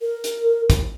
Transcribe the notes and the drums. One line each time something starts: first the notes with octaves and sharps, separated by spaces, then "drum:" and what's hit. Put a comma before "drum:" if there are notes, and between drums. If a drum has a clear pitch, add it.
A#4
drum: hi-hat
drum: kick, hi-hat